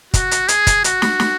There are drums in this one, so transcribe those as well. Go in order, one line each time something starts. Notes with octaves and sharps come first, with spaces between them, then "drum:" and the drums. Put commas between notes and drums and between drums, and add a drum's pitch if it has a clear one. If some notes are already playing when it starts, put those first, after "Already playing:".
F#4, drum: kick, hi-hat
drum: hi-hat
G#4, drum: hi-hat
drum: kick, hi-hat
F#4, drum: hi-hat
drum: snare
drum: snare